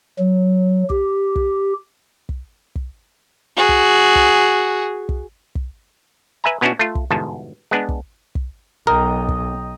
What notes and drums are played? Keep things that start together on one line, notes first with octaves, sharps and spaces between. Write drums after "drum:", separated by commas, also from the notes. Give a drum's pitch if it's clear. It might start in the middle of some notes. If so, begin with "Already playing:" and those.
F#3
G4, drum: kick
drum: kick
drum: kick
drum: kick
F#4 G#4
drum: kick
drum: kick
drum: kick
drum: kick
B4 E5 G#5 A#5
B2 B3 C#4 D4 E4 F#4
A3 F4
drum: kick
G1 E2 G#2 B2 A5
G#3 B3 D4
drum: kick
drum: kick
B1 A#4 D#5 G5 A#5
drum: kick